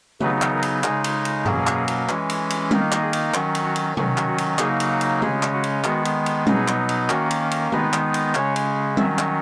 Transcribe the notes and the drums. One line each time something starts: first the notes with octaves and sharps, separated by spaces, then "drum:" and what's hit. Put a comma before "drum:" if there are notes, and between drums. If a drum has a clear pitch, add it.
C#3 F#3 B3 D#4 B4, drum: tom
drum: clap
A#4
drum: cymbal
C#3 G#3 D#4 G#4, drum: clap
drum: cymbal
drum: cymbal
B2 F#3 A#3 C#4 G#4, drum: tom F#2
drum: clap
drum: cymbal
E3 G#3 C#4, drum: clap
drum: cymbal
drum: cymbal
D#3 A#3 D#4 A#4, drum: tom G3
drum: clap
G#4
drum: cymbal
D#3 F#3 C#4 F#4, drum: clap
drum: cymbal
F#4
drum: cymbal
D#3 F#3 C#4, drum: tom B2
drum: clap
F#4
drum: cymbal
C#3 F#3 A#3 D#4 G#4, drum: clap
drum: cymbal
F#4
drum: cymbal
C#3 G#3 C#4 G#4, drum: tom
drum: clap
F#4
drum: cymbal
D#3 G#3 B3 F#4, drum: clap
drum: cymbal
drum: cymbal
B2 F#3 B3 D#4 G#4, drum: tom G3
drum: clap
drum: cymbal
D#3 A#3 C#4 F#4, drum: clap
drum: cymbal
drum: cymbal
D#3 G#3 B3 D#4 B4, drum: tom
drum: clap
drum: cymbal
C#3 G#3 C#4 C#5, drum: clap
drum: cymbal
D#3 F#3 C#4 E5, drum: tom G3
drum: clap